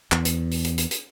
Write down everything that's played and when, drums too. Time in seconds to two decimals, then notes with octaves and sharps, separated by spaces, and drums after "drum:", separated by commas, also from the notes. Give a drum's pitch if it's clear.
0.12 E2, drum: clap
0.25 drum: hi-hat
0.51 drum: open hi-hat
0.64 drum: hi-hat
0.78 drum: hi-hat
0.91 drum: hi-hat